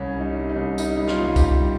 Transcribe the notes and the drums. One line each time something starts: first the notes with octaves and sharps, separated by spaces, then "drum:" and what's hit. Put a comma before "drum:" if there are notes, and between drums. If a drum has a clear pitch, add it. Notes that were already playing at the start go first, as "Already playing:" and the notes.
Already playing: C2 C#4
G3
D#4
C3
D#4
C2
G3 D#4, drum: tambourine
G3 D#4
F4, drum: snare
C2
G4, drum: kick, tambourine
G3